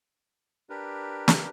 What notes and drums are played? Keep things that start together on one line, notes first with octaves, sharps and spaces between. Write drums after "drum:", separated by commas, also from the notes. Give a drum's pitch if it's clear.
D4 G4 A#4 B4
drum: snare